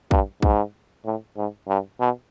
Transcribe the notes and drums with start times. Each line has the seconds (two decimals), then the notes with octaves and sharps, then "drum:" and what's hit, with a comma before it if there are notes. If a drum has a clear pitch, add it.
0.11 G2, drum: kick
0.42 G#2, drum: kick
1.05 A2
1.37 G#2
1.68 G2
2.00 B2